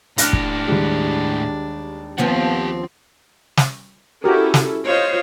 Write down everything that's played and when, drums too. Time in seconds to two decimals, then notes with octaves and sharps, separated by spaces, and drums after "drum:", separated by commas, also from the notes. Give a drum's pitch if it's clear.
0.18 A2 D4 G4 F6 F#6 A#6, drum: hi-hat
0.33 drum: kick
0.68 D#2 G3 G#3
2.18 D#2 F3 B3 C4 G4 F#5
3.57 drum: snare
4.24 C#4 E4 F#4 G4 A4 A#4
4.54 drum: snare
4.85 F4 C5 C#5 D#5